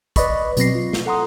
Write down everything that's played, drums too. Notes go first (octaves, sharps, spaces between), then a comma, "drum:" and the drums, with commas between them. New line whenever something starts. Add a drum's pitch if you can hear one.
B4 D5 D#5 B5 C#6, drum: kick, hi-hat
B2 F#3 C4 A#6 C7, drum: hi-hat
F4
drum: snare
A4 F#5 A#5 C6 D#6